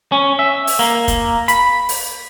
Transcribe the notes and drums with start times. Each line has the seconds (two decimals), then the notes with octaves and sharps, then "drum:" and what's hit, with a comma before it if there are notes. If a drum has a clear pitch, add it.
0.12 C#4
0.39 E5
0.67 drum: open hi-hat
0.79 A#3
1.08 drum: kick, hi-hat
1.48 B5, drum: hi-hat
1.89 drum: open hi-hat